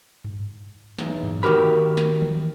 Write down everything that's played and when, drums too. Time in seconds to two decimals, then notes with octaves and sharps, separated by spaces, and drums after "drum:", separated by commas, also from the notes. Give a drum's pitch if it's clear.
0.24 drum: tom G2
0.98 B1 E2, drum: snare
1.23 drum: tom G2
1.43 D#3 F3 F#4 G4 A#4 B5
1.97 drum: snare
2.22 drum: tom